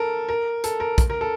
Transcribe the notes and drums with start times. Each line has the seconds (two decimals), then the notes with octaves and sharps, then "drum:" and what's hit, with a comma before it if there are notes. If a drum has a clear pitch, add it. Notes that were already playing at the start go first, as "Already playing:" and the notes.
Already playing: A4 A#4
0.29 A#4
0.64 A4, drum: hi-hat
0.80 A#4
0.98 drum: kick, hi-hat
1.10 A#4
1.21 A4